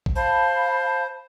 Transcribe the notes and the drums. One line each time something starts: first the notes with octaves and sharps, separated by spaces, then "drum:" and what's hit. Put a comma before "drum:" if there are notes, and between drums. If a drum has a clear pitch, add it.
drum: kick
C5 F5 A5 B5